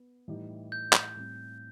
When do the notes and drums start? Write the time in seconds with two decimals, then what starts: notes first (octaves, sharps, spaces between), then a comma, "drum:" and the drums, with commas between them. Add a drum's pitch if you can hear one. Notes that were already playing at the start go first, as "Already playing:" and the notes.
Already playing: B3
0.28 A2 E3 G3 D#4 G4
0.72 G6
0.93 drum: clap
1.16 A2 G3 C4